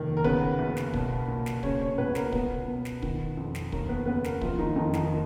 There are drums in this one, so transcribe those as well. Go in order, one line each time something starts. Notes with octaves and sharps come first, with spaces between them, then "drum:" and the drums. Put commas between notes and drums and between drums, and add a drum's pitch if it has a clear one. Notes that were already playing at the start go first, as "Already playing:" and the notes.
Already playing: F1 D#2 D#3
A#4
C#3 B3 B4, drum: kick
F#1
drum: snare
B1, drum: kick
A#2
drum: snare
C#3 C#4 C#5, drum: kick
C#4 C#5
C#2 B3 B4
A#3 A#4, drum: snare
C#2 B3 B4, drum: kick
B2
drum: snare
D#3, drum: kick
F2
drum: snare
D#2 A#3 A#4, drum: kick
B3 B4
C#3 B3 B4
A#3 A#4, drum: snare
F#1 F3 F4, drum: kick
D#3 D#4
F2 D#3 D#4
D#3 D#4, drum: snare